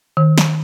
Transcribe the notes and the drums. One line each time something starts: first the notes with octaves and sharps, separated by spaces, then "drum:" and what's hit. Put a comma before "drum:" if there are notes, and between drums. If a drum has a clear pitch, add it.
D#3
drum: snare